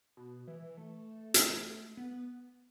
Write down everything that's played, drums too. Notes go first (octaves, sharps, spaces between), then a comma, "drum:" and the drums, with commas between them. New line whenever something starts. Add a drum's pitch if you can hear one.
B2
E3
A3
drum: hi-hat
B3